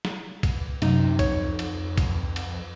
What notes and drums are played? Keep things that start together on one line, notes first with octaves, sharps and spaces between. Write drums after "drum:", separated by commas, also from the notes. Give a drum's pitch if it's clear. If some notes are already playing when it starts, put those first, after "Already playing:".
drum: snare
drum: kick, cymbal
F#2 C3 D#4, drum: cymbal
F2 C#5, drum: kick, cymbal
drum: cymbal
drum: kick, cymbal
drum: cymbal